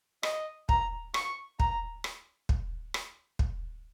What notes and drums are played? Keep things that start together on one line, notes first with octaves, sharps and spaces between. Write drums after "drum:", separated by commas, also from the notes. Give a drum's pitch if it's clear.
D#5, drum: rim click
A#5, drum: kick
C#6, drum: rim click
A#5, drum: kick
drum: rim click
drum: kick
drum: rim click
drum: kick